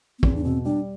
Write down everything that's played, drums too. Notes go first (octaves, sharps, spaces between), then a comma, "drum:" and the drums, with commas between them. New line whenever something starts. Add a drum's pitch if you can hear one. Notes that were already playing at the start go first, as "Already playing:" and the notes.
B3
E2 C4, drum: kick
D4
B2 C4
G3 D4